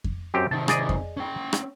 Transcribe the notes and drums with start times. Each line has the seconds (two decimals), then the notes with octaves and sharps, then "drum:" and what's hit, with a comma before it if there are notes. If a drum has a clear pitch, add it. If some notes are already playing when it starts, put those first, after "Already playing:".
0.04 drum: kick F2
0.34 F#2 C4 G4
0.51 C3 D#3 A5
0.68 G#4 D5 D#5, drum: rim click
0.89 drum: kick F2
1.17 C#4 G5
1.53 drum: rim click